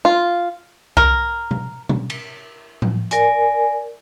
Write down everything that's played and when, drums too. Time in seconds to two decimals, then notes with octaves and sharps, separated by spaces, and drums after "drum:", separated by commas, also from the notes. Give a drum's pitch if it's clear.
0.05 F4
0.97 A#4, drum: kick C2
1.51 drum: tom B2
1.89 drum: tom B2
2.10 drum: cymbal
2.82 drum: tom
3.11 A#4 D5 G#5, drum: hi-hat